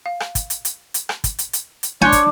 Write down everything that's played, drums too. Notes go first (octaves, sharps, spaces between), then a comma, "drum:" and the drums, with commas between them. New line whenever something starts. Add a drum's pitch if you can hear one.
F5
drum: rim click
drum: kick, hi-hat
drum: hi-hat
drum: hi-hat
drum: hi-hat
drum: rim click
drum: kick, hi-hat
drum: hi-hat
drum: hi-hat
drum: hi-hat
D4 C#5 G#5 C6 F#6 G6
drum: kick, hi-hat